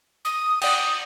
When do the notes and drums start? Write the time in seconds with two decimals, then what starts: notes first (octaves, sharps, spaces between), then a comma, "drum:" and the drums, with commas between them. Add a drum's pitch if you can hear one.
0.25 D#6
0.62 D5 F#5 G5 D#6, drum: cymbal